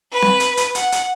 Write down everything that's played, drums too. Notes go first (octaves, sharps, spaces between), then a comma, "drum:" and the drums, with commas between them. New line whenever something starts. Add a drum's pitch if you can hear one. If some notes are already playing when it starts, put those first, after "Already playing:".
B4
drum: snare C4
drum: hi-hat
drum: hi-hat
F#5, drum: hi-hat
drum: hi-hat